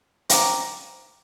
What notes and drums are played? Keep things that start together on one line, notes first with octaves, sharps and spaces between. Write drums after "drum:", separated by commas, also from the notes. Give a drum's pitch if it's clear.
C5 G5 A#5 D6, drum: hi-hat